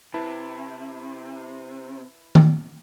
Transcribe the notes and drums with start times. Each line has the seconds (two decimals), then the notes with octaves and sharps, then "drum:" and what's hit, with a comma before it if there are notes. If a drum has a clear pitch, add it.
0.14 C3 E4 B4 A5
2.35 drum: tom D#3